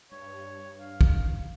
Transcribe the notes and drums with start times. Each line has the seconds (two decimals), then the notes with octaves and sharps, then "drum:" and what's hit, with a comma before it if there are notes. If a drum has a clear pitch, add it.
0.12 G2 C#5
0.80 F5
1.01 drum: kick